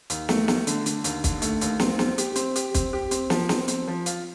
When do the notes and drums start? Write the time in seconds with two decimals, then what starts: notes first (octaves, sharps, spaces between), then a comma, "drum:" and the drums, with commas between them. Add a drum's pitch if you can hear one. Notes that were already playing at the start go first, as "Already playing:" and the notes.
0.10 D#2, drum: hi-hat
0.29 A3, drum: snare
0.48 A3, drum: snare
0.67 D3, drum: hi-hat
0.86 D3, drum: hi-hat
1.04 D#2, drum: hi-hat
1.24 D3, drum: kick, hi-hat
1.42 A3, drum: hi-hat
1.61 D#2, drum: hi-hat
1.80 C4, drum: snare
1.99 C4, drum: snare
2.18 G4, drum: hi-hat
2.36 C4, drum: hi-hat
2.56 G4, drum: hi-hat
2.74 C4, drum: kick, hi-hat
2.93 G4
3.11 C4, drum: hi-hat
3.30 F3, drum: snare
3.49 C4, drum: snare
3.68 C4, drum: hi-hat
3.87 F3
4.06 F4, drum: hi-hat